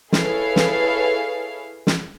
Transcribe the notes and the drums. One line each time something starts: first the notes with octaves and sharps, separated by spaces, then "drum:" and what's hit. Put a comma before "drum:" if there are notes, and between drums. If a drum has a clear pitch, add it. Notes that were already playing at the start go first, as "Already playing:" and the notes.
E4 G#4 A4 B4 C#5 F5, drum: snare
drum: snare
drum: snare